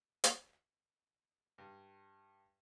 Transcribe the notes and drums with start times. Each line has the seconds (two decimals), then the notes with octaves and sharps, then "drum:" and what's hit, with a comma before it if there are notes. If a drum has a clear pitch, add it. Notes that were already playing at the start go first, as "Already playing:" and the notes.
0.24 drum: hi-hat
1.58 G2